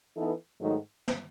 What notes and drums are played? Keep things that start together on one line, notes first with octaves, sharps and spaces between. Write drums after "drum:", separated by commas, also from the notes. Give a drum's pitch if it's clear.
E3 B3 D#4 A4
G#2 D#3 F#3 A3 D#4
drum: snare